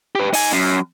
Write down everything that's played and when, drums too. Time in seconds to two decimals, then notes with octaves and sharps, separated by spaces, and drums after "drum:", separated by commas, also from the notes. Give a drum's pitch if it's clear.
0.15 G4 B4
0.33 D#4 G#5, drum: open hi-hat
0.53 F#2